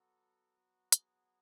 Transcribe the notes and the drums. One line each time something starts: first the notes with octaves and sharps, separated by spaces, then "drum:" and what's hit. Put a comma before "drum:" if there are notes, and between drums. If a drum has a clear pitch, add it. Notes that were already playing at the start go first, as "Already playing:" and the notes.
Already playing: F#3 B3 F#4 A4
G#4, drum: hi-hat